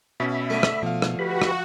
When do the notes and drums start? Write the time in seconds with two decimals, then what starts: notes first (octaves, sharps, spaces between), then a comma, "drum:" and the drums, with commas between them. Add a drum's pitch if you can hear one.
0.20 B2 C#4 E5 B5
0.50 D3 A3
0.63 drum: rim click
0.83 B2 F3 F5
1.02 drum: rim click
1.19 F#4 G4 B4 B5
1.42 drum: rim click